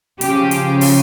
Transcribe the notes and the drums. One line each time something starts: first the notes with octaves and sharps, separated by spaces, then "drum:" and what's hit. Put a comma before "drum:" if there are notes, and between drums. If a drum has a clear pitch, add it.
C#3 F3 G4, drum: hi-hat
drum: hi-hat
drum: open hi-hat